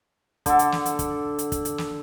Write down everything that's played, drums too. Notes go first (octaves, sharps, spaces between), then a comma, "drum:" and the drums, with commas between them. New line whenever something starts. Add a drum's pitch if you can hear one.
D3 A4, drum: kick, hi-hat
drum: hi-hat
drum: snare
drum: hi-hat
drum: kick, hi-hat
drum: hi-hat
drum: kick, hi-hat
drum: hi-hat
drum: snare